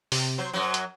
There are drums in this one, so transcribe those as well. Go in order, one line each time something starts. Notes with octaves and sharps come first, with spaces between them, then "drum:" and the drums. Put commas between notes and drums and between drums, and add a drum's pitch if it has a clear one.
C3, drum: open hi-hat
F#3 C5
F#2 F#3
drum: hi-hat